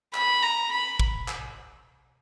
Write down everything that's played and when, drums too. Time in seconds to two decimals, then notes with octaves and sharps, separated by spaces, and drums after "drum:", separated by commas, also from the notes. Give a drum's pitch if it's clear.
0.14 B5, drum: clap
0.42 A#5
0.71 B5
0.99 drum: kick
1.28 drum: clap